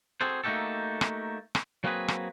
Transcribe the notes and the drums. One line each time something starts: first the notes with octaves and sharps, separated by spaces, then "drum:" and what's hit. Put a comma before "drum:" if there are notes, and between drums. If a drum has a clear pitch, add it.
C4 F#4 G#4 A4 C5
A3 A#3 D#4 F#4 G4 A4
drum: rim click
drum: rim click
F#3 A#3 C4 F#4 G#4 B4
drum: rim click